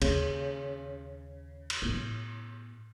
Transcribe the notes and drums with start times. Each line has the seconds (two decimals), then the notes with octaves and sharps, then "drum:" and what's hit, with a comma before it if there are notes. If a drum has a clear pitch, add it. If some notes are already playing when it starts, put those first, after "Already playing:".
0.02 D#2 C#3, drum: cymbal
1.70 drum: cymbal
1.82 A2 B3